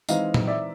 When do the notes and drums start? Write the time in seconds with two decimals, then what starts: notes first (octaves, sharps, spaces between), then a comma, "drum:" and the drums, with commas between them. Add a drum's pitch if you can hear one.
0.09 E3 G#3 C4 D#4 D#5 F5, drum: tambourine
0.34 drum: tom A#2
0.47 D5 E5